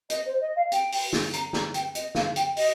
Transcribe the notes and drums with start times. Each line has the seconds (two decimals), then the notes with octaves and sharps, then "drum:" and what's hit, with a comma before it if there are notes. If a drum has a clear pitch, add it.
0.10 D#5, drum: hi-hat
0.26 C5
0.41 D#5
0.56 F5
0.72 G5, drum: hi-hat
0.92 drum: open hi-hat
1.13 drum: snare
1.33 A#5, drum: hi-hat
1.53 A#5, drum: snare
1.74 G5, drum: hi-hat
1.95 D#5, drum: hi-hat
2.15 F5, drum: snare
2.36 G5, drum: hi-hat
2.57 D#5, drum: open hi-hat